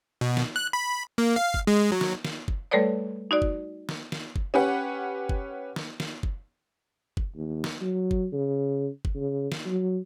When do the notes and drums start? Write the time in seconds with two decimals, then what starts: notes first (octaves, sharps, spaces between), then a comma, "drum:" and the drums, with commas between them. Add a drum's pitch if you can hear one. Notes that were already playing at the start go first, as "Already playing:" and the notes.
0.21 B2
0.37 drum: snare
0.56 F#6
0.73 B5
1.18 A#3
1.36 F5
1.54 drum: kick
1.67 G#3
1.92 F#3
2.01 drum: snare
2.25 drum: snare
2.48 drum: kick
2.71 G3 A3 A4 B4 C#5 D5
3.31 D#4 F#4 D5
3.42 drum: kick
3.89 drum: snare
4.12 drum: snare
4.36 drum: kick
4.54 C#4 G4 B4 F#5
5.29 drum: kick
5.76 drum: snare
6.00 drum: snare
6.23 drum: kick
7.17 drum: kick
7.35 D#2
7.64 drum: snare
7.82 F#3
8.11 drum: kick
8.33 C#3
9.05 drum: kick
9.16 C#3
9.52 drum: snare
9.66 F#3